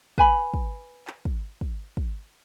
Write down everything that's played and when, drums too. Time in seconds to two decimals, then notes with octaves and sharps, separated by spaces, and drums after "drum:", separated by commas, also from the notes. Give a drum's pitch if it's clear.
0.18 B4 G#5 B5, drum: kick
0.54 drum: kick
1.07 drum: clap
1.25 drum: kick
1.61 drum: kick
1.97 drum: kick